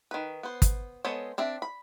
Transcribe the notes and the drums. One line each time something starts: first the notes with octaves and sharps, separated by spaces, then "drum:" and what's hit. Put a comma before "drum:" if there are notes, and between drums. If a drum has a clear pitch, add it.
D#3 B4
B3 C5
drum: kick, hi-hat
G#3 B3 A4 C5 C#5
C4 D4 E5
B5